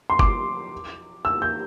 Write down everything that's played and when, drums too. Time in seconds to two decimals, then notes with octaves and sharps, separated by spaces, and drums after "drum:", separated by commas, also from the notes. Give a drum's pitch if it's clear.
0.10 C6
0.19 D6, drum: kick G1
1.25 E6
1.42 G6